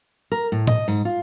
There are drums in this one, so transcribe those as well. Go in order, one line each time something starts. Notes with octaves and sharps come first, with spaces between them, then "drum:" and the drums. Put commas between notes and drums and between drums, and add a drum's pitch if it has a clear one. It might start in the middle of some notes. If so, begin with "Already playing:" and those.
A#4
A2
D#5, drum: tom A2
G#2, drum: tambourine
F4